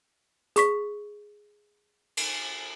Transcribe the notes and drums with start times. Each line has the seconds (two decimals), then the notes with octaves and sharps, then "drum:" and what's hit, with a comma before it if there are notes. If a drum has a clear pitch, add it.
0.56 G#4 C#6 B6, drum: hi-hat
2.17 drum: cymbal